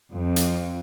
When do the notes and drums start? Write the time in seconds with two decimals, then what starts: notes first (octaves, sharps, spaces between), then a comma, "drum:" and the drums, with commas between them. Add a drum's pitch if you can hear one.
0.12 F2
0.36 drum: hi-hat